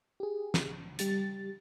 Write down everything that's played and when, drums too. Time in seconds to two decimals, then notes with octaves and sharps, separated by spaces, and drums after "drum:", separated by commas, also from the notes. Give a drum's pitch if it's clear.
0.20 G4 G#4
0.54 drum: snare
0.99 G3 G4 A6, drum: hi-hat